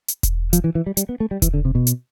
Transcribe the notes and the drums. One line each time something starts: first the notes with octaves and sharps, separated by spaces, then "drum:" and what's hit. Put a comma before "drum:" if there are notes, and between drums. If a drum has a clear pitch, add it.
drum: hi-hat
drum: kick E1, hi-hat
F3, drum: hi-hat
E3
E3
G3
G3, drum: hi-hat
B3
A3
G3
E3, drum: kick E1, hi-hat
D3
C3
B2
drum: hi-hat